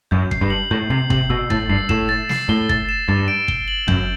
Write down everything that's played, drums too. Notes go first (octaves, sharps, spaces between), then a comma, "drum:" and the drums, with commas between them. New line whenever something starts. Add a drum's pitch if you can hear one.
F#2 G6
C7, drum: kick
G2
F#7
A2 G6
C3 C7
C3 F#7, drum: kick
B2 E6
A2 A6, drum: kick
G2 C7
A2 E7, drum: kick
A6
C7, drum: snare
A2 G7
A6, drum: kick
E7
G2 A6
D7
G7, drum: kick
F#7
F#2 G6, drum: kick